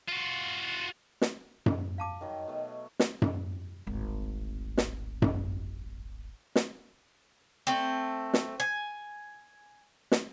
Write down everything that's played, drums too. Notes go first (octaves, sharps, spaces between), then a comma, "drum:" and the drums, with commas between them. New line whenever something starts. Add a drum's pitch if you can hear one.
F4 F#4
drum: snare
drum: tom F#2
F5 A5 D6
D#3 F#3
B2 A3
drum: snare
drum: tom F#2
D1 G#1
drum: snare
drum: tom F#2
drum: snare
A3 C4
drum: snare
G#5
drum: snare